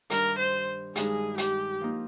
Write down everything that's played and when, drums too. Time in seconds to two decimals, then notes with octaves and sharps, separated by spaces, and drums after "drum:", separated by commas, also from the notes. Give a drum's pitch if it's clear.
0.10 G2 D#3 G3 D4 A#4, drum: hi-hat
0.39 C5
0.95 G2 D#3 G#3 D#4 G#4, drum: hi-hat
1.38 G4, drum: hi-hat
1.81 F3 A#3 D#4